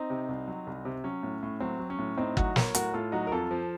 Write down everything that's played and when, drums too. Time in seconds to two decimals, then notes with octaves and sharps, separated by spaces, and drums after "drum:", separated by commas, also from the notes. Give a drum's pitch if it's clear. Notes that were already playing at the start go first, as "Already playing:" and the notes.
Already playing: C4 D#4
0.10 C3
0.29 C2
0.48 F#3
0.67 C2
0.85 C3
1.04 F#3 C#4
1.23 A2
1.43 A2
1.60 F#3 C4
1.79 F#3
1.90 C#4
1.98 A2
2.18 A2 C4 D#4
2.37 F#3 D#4 F#4, drum: kick
2.56 F#3 A#4 C#5, drum: snare
2.75 A2 F#4 A#4, drum: hi-hat
2.94 A2 F4 A4
3.12 F#3 D#4 F#4
3.27 A#4
3.32 F2 F4 A4
3.51 F3